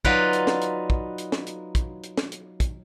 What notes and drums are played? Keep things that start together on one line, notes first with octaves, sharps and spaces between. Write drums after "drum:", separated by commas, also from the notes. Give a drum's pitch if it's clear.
F#3 D#4 F4 B4 D5, drum: kick
drum: hi-hat
drum: snare
drum: hi-hat
drum: kick
drum: hi-hat
drum: snare
drum: hi-hat
drum: kick, hi-hat
drum: hi-hat
drum: snare
drum: hi-hat
drum: kick, hi-hat